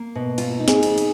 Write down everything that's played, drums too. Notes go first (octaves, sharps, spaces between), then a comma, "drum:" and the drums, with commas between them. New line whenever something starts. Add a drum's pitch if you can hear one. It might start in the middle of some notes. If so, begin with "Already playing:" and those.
Already playing: A#3
B2
A#3 F4, drum: cymbal
D#4
G#4, drum: snare
F2, drum: cymbal
drum: cymbal